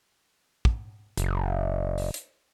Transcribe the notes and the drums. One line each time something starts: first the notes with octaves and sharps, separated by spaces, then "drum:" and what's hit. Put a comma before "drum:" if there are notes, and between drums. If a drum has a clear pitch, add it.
drum: kick
F#1, drum: hi-hat
drum: open hi-hat
drum: hi-hat